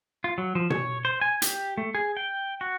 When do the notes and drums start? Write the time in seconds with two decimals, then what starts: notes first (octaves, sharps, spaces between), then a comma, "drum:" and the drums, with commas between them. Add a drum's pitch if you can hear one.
0.24 F4
0.38 F#3
0.55 F3
0.70 C#5, drum: tom B2
1.05 C5
1.21 G#5
1.42 G4, drum: hi-hat
1.78 A3
1.95 G#4
2.17 G5
2.61 F#4